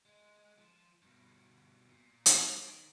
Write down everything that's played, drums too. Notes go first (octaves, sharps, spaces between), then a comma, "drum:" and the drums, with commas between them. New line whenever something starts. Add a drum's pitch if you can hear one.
G#3
F3
G2 B2
A#2
drum: hi-hat
D#3